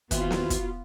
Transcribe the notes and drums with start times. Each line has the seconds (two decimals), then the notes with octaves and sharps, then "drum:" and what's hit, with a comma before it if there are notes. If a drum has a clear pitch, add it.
0.11 D#2 E3 B3 C4 F4 F#4, drum: kick, hi-hat
0.31 drum: snare
0.50 drum: kick, hi-hat